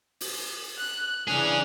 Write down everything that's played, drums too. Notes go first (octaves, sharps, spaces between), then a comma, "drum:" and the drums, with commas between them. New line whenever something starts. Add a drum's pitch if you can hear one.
drum: open hi-hat
F#6
C#3 E3 C#4 D4 G#4 F7, drum: snare